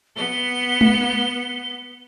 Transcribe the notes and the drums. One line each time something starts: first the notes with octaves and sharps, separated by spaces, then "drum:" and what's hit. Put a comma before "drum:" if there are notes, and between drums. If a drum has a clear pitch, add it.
B3 G7
drum: tom G#3